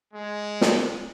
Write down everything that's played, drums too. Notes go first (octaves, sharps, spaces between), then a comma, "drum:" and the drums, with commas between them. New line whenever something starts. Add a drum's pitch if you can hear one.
G#3
drum: snare